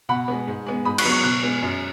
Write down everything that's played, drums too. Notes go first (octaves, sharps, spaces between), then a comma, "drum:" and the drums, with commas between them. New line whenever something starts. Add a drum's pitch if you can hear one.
B2 F#5 B5
G#3 B3
G#2
G#3 B3
G#2 B5 D#6
C#6 F#6, drum: cymbal
F#3 B3
C#6 F#6
B2 C#6 F#6
G#3 B3
F#2